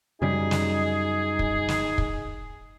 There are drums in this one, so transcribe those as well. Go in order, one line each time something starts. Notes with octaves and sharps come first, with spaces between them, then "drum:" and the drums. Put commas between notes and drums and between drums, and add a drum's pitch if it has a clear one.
F#2 C#3 G3 D#4 G#4
drum: snare
drum: kick
drum: snare
drum: kick